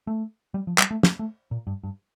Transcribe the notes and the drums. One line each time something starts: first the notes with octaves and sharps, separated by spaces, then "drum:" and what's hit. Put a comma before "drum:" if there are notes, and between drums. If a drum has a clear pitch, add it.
A3
G3
F3
G3, drum: clap
A3
A#3, drum: snare
A3
A#2
G2
G2